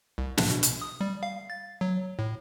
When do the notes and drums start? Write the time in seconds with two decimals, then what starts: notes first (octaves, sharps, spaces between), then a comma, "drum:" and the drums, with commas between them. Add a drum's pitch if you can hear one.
0.18 C2
0.38 D4, drum: snare
0.50 B2
0.63 drum: hi-hat
0.81 D#6
1.01 G3
1.23 F5
1.50 A6
1.81 F#3
2.19 A2